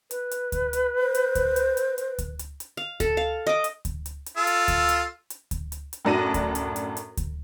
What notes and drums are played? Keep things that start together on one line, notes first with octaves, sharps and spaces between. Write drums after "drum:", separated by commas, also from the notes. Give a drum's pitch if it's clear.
B4, drum: hi-hat
drum: hi-hat
drum: kick D2, hi-hat
drum: hi-hat
C5
drum: hi-hat
drum: kick D2, hi-hat
drum: hi-hat
drum: hi-hat
drum: hi-hat
drum: kick D2, hi-hat
drum: hi-hat
drum: hi-hat
F5
A4, drum: kick D2, hi-hat
F5
D#5 D6
drum: hi-hat
drum: kick D2, hi-hat
drum: hi-hat
drum: hi-hat
F4 A4 E6
drum: hi-hat
drum: kick D2, hi-hat
drum: hi-hat
drum: hi-hat
drum: kick D2, hi-hat
drum: hi-hat
drum: hi-hat
F#2 A2 D4 F#4 A#6 D#7
drum: kick D2, hi-hat
drum: hi-hat
drum: hi-hat
drum: hi-hat
drum: kick D2, hi-hat